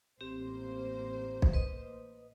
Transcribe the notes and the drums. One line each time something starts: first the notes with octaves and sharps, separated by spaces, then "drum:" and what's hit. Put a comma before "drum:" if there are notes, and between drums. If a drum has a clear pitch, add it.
A1 A#3 C4 G4 C5
drum: kick B1
B4 D#5 D#6